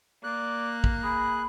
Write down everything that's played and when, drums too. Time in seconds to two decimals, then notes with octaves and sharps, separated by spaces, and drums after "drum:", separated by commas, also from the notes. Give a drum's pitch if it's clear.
0.24 A#3 D5 F#6
0.84 drum: kick
1.04 G#4 B5